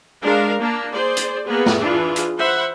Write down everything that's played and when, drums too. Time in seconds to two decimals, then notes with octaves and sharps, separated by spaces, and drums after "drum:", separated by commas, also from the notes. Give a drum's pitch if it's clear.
0.23 G#3 D4 A#4 F5
0.60 A#3 D4
0.92 G#4 C5 D5
1.17 drum: hi-hat
1.47 A#3 B3 G#4
1.66 drum: snare
1.80 E3 D4 F4 G#4
2.16 drum: hi-hat
2.38 C5 E5 F#5 B5